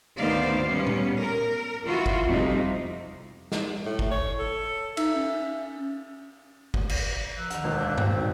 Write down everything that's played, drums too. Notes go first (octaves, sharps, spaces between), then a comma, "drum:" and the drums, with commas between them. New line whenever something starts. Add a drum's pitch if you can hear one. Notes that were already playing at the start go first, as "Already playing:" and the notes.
D2 D#3 B3 C5 D5 F5
G3 B3 C#4
drum: tom A#2
A#4
E3 F4 F#4
drum: kick G1
F2 C3 G3 D#4
drum: snare
A2
drum: kick G1
C#5
A4
D#4 E5, drum: cymbal
C#4
drum: kick G1
drum: cymbal
F3 A#5 E6 F#6
D2 D#3, drum: hi-hat
E1 D#3 B4
D3 D4 F5
A#2 C4 F#4, drum: tom G2
D#4